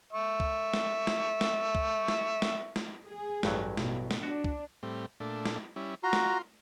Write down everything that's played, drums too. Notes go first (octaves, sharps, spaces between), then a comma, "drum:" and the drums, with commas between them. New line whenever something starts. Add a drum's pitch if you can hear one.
E5 C#6
drum: kick C2
drum: snare
drum: snare
drum: snare
drum: kick C2
drum: snare
drum: snare
drum: snare
G#4
A1 G2 F#3, drum: snare
B2, drum: snare
drum: snare
D4 F#4
drum: kick C2
A2 G3 C4
A#2 A3 D4
drum: snare
G3 C#4 E4
F4 F#4 A#5 C6
drum: snare